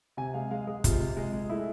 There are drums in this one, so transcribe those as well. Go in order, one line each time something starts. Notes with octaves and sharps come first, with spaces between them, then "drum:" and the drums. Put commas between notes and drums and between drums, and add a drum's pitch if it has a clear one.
C3 G#5
G#3 F5
G#3 F5
G#3 G#4
C3 F4, drum: kick, hi-hat
C3
G#3
G#3
A3 E4